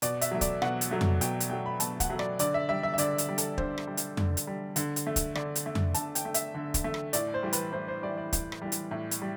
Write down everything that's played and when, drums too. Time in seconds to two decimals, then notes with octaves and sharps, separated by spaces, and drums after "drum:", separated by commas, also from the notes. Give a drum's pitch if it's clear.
0.02 B2 D5, drum: hi-hat
0.21 E5, drum: hi-hat
0.31 F#3 A3
0.41 D5, drum: kick, hi-hat
0.62 B2 F#5, drum: rim click
0.81 drum: hi-hat
0.91 F#3 A3
1.01 drum: tom F2
1.21 B2 G5, drum: hi-hat
1.40 drum: hi-hat
1.50 F#3 A3 G5
1.66 B5
1.80 B2 A5, drum: hi-hat
2.00 F#5, drum: kick, hi-hat
2.10 F#3 A3
2.19 D5, drum: rim click
2.39 D3 D5, drum: hi-hat
2.54 E5
2.69 G3 E5
2.83 E5
2.94 E5
2.98 D3 D5, drum: hi-hat
3.18 drum: hi-hat
3.29 G3
3.38 A4, drum: hi-hat
3.58 D3 C5, drum: kick
3.78 drum: rim click
3.87 G3
3.97 drum: hi-hat
4.17 D3, drum: tom F2
4.37 drum: hi-hat
4.47 G3
4.76 D3, drum: hi-hat
4.96 drum: hi-hat
5.07 A3
5.16 drum: kick, hi-hat
5.35 D3 D5, drum: rim click
5.55 drum: hi-hat
5.66 A3
5.75 drum: tom F2
5.94 D3 A5, drum: hi-hat
6.15 G5, drum: hi-hat
6.25 A3
6.34 E5, drum: hi-hat
6.55 D3
6.74 drum: kick, hi-hat
6.84 A3
6.94 drum: rim click
7.13 A2 D5, drum: hi-hat
7.34 C5
7.43 E3 G3
7.53 B4, drum: hi-hat
7.72 A2 C5
7.88 C5
8.02 E3 G3 D5
8.17 D5
8.33 A2, drum: kick, hi-hat
8.52 drum: rim click
8.62 E3 G3
8.72 drum: hi-hat
8.91 A2
9.11 drum: hi-hat
9.22 G3